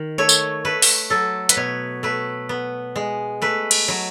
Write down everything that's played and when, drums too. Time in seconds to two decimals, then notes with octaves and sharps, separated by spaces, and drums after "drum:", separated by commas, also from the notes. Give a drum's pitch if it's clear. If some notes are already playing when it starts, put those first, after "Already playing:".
Already playing: D#3
0.18 A3 C#5
0.29 drum: tambourine
0.65 A3 B4
0.82 drum: open hi-hat
1.10 F#3 A4
1.49 B4, drum: hi-hat
1.57 B2 C#5
2.03 A3 B4
2.49 B3
2.96 G#3
3.42 A3 B4
3.71 drum: cymbal
3.88 F#3